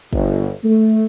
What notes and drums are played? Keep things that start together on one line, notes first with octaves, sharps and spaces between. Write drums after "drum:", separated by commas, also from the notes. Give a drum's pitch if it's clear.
G1, drum: kick
A3